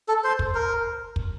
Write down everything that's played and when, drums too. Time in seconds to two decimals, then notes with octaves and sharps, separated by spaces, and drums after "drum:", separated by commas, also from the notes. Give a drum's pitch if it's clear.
0.08 A4
0.24 C5
0.39 drum: kick
0.55 A#4
1.16 drum: kick